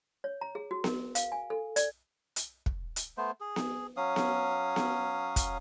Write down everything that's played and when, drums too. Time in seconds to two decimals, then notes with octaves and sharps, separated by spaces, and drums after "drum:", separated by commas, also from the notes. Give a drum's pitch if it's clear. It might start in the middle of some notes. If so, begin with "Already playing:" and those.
0.24 C#5
0.41 A#5
0.55 G#4
0.71 F#4
0.84 A#4, drum: snare B3
1.15 F5, drum: hi-hat
1.32 G#5
1.50 A4
1.76 D5, drum: hi-hat
2.36 drum: hi-hat
2.66 drum: kick
2.96 drum: hi-hat
3.17 A3 B3 C5
3.40 G#4
3.56 drum: snare B3
3.97 F#3 C#4 F5 D#6
4.16 drum: snare B3
4.76 drum: snare B3
5.36 drum: kick, hi-hat